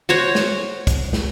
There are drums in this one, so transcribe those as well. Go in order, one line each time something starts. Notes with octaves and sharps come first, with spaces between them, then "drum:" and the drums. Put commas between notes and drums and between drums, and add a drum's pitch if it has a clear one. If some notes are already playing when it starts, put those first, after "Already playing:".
F#4 C5 C#5
drum: snare
drum: kick, hi-hat
drum: snare